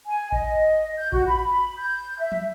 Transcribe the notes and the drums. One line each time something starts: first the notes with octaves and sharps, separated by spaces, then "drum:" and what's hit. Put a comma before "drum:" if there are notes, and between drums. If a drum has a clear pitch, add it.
G#5
D#5, drum: kick A1
G6
F#4, drum: kick A1
B5
G6
E5
drum: tom